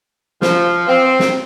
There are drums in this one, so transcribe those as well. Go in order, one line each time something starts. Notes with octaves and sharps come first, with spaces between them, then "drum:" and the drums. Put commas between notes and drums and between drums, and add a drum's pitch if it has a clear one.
F3, drum: snare
C4
drum: snare